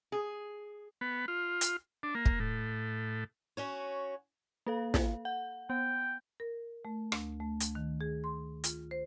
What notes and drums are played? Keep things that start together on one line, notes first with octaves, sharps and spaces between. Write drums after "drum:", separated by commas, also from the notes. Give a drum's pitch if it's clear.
G#4
B3
F4
drum: hi-hat
D4
A#3
drum: kick
A2
C#4 F#4 C#5
A#3 A4 F5
drum: snare
F#5
B3 G5
A#4
A3
D2, drum: rim click
A3
D2, drum: hi-hat
D#3
G#4
C6
F4, drum: hi-hat
C5